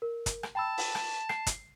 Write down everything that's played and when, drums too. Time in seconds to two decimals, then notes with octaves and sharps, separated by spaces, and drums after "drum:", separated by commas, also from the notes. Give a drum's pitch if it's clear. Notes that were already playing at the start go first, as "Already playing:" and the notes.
0.02 A#4
0.26 drum: kick, hi-hat
0.43 drum: rim click
0.55 G5 A5 B5 E6
0.78 drum: open hi-hat
0.95 drum: rim click
1.29 C7, drum: rim click
1.47 drum: kick, hi-hat